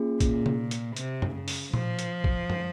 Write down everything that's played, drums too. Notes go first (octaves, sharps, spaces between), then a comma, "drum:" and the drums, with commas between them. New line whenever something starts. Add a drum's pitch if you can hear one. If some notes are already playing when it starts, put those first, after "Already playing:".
Already playing: A#3 C#4 F4 G#4
A#2, drum: kick, hi-hat
drum: tom C3
drum: hi-hat
C3, drum: hi-hat
drum: tom
C#3
drum: open hi-hat
F3, drum: tom A#2
drum: hi-hat
drum: kick
drum: tom